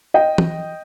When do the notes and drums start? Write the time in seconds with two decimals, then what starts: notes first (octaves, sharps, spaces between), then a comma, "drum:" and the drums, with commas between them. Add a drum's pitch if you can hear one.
0.14 D#5 G5
0.38 drum: tom